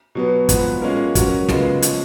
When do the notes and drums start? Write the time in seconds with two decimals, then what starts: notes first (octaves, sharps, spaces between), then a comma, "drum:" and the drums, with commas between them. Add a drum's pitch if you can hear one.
0.15 B2 F#3 B3
0.49 G#2 F3 B3 F#4 B4, drum: kick, hi-hat
0.82 A#2 G#3 C#4 F4 A#4
1.15 F#3 C#4 F#4 A#4, drum: kick, hi-hat
1.49 C#3 G#3 B3 F4 G#4, drum: snare
1.82 F3 G#3 C#4, drum: hi-hat